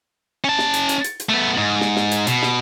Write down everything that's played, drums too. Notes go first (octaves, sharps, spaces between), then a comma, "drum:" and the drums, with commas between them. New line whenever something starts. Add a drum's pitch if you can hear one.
C#4 A5
drum: snare
drum: hi-hat
drum: hi-hat
drum: hi-hat
drum: hi-hat
A3 B3
G#2
drum: snare
drum: snare
drum: hi-hat
B2, drum: hi-hat
drum: snare